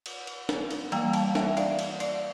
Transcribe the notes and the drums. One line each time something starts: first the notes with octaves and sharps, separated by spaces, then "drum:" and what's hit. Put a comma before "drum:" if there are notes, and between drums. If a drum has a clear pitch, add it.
drum: cymbal
drum: cymbal
drum: snare
drum: cymbal
E3 G3 A#3 G5 A#5, drum: cymbal
F5 A5, drum: cymbal
E5 G5, drum: snare
D5 F5, drum: cymbal
drum: cymbal
D5 F5, drum: cymbal